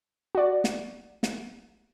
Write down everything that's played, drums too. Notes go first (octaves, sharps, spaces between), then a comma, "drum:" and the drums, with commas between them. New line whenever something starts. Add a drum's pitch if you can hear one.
F#4 D5
drum: snare
drum: snare